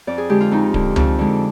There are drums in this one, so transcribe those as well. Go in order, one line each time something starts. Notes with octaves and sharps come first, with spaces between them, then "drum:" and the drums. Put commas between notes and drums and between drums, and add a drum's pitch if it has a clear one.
F2 D5
G#4
D3 G#3 G4
F4
F2 D#4
D3 G#3, drum: kick D1
F2, drum: tom C#2
D3 G#3